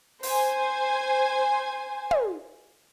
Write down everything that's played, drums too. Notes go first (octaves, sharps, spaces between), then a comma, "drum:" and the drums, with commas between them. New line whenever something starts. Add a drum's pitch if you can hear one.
C5 G#5, drum: open hi-hat
drum: tom